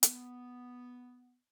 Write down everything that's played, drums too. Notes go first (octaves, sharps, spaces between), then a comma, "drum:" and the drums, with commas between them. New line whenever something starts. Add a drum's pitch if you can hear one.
B3, drum: hi-hat